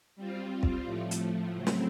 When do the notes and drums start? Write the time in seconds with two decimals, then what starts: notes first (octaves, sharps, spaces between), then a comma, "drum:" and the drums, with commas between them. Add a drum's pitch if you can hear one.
0.16 G3 C4 F4
0.63 drum: kick
0.85 A2 F3 A3
1.11 drum: hi-hat
1.54 C#3 F#3 A3 C4 E4
1.67 drum: snare